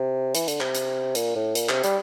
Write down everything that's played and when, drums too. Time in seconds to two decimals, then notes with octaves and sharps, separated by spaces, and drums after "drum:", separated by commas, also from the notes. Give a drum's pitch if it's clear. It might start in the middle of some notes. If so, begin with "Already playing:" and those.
Already playing: C3
0.35 E3, drum: hi-hat
0.48 D3, drum: hi-hat
0.60 C3, drum: clap
0.75 drum: hi-hat
1.15 A#2, drum: hi-hat
1.35 A2
1.55 A#2, drum: hi-hat
1.69 C3, drum: clap
1.84 G3, drum: hi-hat